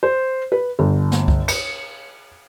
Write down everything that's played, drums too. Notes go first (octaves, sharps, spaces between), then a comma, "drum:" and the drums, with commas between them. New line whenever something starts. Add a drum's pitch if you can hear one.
C5
B4
G1
drum: snare
drum: kick C2
C#7, drum: cymbal